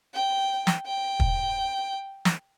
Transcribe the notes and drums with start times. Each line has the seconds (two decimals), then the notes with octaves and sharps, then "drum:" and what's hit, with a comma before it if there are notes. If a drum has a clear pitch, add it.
0.14 G5
0.67 drum: snare
0.86 G5
1.20 drum: kick
2.25 drum: snare